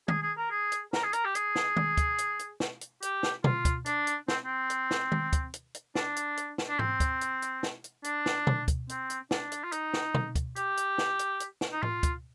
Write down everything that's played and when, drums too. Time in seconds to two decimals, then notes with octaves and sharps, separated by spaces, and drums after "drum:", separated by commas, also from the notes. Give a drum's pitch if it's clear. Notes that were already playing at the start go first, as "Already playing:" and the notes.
0.08 G#4, drum: tom
0.22 G#4
0.37 A#4
0.51 G#4
0.72 drum: hi-hat
0.93 A#4, drum: snare
1.03 G#4
1.13 A#4, drum: hi-hat
1.25 G4
1.35 G#4, drum: hi-hat
1.56 drum: snare
1.76 drum: tom
1.97 drum: kick, hi-hat
2.18 drum: hi-hat
2.39 drum: hi-hat
2.60 drum: snare
2.81 drum: hi-hat
3.02 G4, drum: hi-hat
3.23 drum: snare
3.44 F4, drum: tom B2
3.65 drum: kick, hi-hat
3.86 D4, drum: hi-hat
4.07 drum: hi-hat
4.28 C4, drum: snare
4.45 C4
4.70 drum: hi-hat
4.91 drum: snare
5.12 drum: tom
5.33 drum: kick, hi-hat
5.54 drum: hi-hat
5.75 drum: hi-hat
5.95 D4, drum: snare
6.16 drum: hi-hat
6.37 drum: hi-hat
6.58 drum: snare
6.69 D4
6.79 C4, drum: tom G#2
7.00 drum: kick, hi-hat
7.21 drum: hi-hat
7.42 drum: hi-hat
7.63 drum: snare
7.84 drum: hi-hat
8.04 D4, drum: hi-hat
8.26 drum: snare
8.47 drum: tom B2
8.68 drum: kick, hi-hat
8.89 C4, drum: hi-hat
9.10 drum: hi-hat
9.31 D4, drum: snare
9.52 drum: hi-hat
9.63 F4
9.72 D#4, drum: hi-hat
9.94 drum: snare
10.14 drum: tom B2
10.35 drum: kick, hi-hat
10.56 G4, drum: hi-hat
10.77 drum: hi-hat
10.98 drum: snare
11.19 drum: hi-hat
11.40 drum: hi-hat
11.61 drum: snare
11.72 D#4
11.83 F4, drum: tom A2
12.03 drum: kick, hi-hat